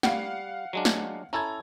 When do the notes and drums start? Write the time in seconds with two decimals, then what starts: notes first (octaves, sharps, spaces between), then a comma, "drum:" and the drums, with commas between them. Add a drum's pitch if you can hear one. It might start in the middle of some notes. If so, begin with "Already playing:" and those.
0.03 G3 F5 F#5, drum: snare
0.73 F#3 G#3 D4
0.85 drum: snare
1.33 C#4 E4 A4 A#5 G#6